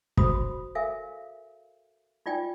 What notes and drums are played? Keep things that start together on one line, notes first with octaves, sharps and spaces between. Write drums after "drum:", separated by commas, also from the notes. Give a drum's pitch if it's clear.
F#4 C5 B5 D#6, drum: kick
A4 A#4 E5 F5 G#5
D#4 F4 D5 G5 G#5